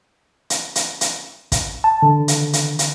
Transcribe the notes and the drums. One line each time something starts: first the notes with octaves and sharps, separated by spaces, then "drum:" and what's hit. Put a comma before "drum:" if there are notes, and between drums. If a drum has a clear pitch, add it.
drum: hi-hat
drum: hi-hat
drum: hi-hat
drum: kick, hi-hat
A5
D3
drum: hi-hat
drum: hi-hat
drum: hi-hat